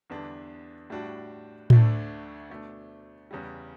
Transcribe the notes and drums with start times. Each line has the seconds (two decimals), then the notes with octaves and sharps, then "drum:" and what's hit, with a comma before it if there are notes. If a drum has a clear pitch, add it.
0.10 E2 D3 G3 B3 D4
0.90 A2 G3 D4 F#4
1.70 D2 D3 A3 D4, drum: tom A2
2.50 B2 A3 D4
3.31 E2 C#3 G3